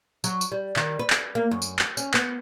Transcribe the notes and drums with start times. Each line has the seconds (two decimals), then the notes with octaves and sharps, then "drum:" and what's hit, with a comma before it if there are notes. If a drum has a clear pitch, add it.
0.24 F#3, drum: tambourine
0.41 drum: tambourine
0.52 G3
0.76 D#3, drum: clap
0.99 B4
1.10 drum: clap
1.35 A#3
1.51 F#2
1.62 drum: tambourine
1.79 drum: clap
1.97 C#4, drum: tambourine
2.14 B3, drum: clap